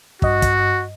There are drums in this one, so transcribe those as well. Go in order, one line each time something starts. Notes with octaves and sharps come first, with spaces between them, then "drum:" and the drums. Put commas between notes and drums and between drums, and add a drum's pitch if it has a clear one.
G2 F#4 D#5, drum: kick
drum: kick, hi-hat